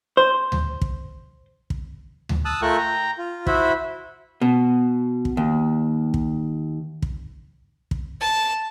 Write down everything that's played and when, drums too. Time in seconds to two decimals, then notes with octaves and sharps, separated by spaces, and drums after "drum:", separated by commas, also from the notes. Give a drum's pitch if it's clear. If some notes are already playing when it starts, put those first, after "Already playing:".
0.17 C5
0.52 drum: tom D2
0.81 drum: kick
1.70 drum: kick
2.29 drum: tom D2
2.45 A5 D#6 E6 F#6
2.62 A3 F4 A#4 G5 C#6 F#6
2.77 G5 A#5
3.18 F4
3.47 E4 F#4 C5 E5 B5, drum: kick
4.41 B2
5.25 drum: kick
5.37 D#2
6.14 drum: kick
7.02 drum: kick
7.91 drum: kick
8.21 A5